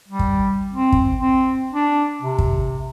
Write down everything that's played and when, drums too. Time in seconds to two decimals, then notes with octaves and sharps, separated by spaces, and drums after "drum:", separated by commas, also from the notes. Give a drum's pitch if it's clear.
0.08 G3
0.19 drum: kick
0.74 C4
0.92 drum: kick
1.17 C4
1.72 D4
2.22 C3
2.39 drum: kick